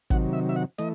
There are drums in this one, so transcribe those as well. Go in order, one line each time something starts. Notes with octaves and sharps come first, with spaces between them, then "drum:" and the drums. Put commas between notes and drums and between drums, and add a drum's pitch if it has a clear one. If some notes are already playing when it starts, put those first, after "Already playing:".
C3 D#3 F#3 F#5, drum: kick, hi-hat
E5
E5
F#5
E3 A3 D#5, drum: hi-hat